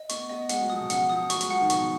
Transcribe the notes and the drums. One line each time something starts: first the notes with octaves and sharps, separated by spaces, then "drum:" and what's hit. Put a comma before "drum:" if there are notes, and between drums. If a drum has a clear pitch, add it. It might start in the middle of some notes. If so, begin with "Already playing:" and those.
Already playing: D#5
B3 C#6, drum: hi-hat
B3 D#5
G#3 F#5, drum: hi-hat
F#3
F3 D#6
B2
C#3 F#5, drum: hi-hat
F3 D#6
F#3 C#6, drum: hi-hat
G#3, drum: hi-hat
F3 F#5
D#3
B2 C#6, drum: hi-hat